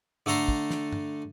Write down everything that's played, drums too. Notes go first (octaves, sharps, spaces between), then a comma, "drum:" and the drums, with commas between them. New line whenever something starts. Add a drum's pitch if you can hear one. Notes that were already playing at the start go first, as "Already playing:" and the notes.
D3 A3 A4 A#5 C6
drum: kick
drum: snare
drum: tom G2